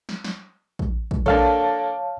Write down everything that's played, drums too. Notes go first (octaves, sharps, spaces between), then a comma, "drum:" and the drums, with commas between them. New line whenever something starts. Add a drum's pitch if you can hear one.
drum: snare
drum: snare
drum: kick
drum: kick
A#3 D4 A4 C#5 F5 A5, drum: kick